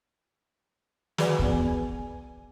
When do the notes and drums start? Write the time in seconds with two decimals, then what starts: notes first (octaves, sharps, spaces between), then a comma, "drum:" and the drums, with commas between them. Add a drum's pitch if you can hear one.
1.18 F#4 G#4 B4 D5, drum: snare
1.39 B1 E2 B3 G#5, drum: kick
1.67 G#5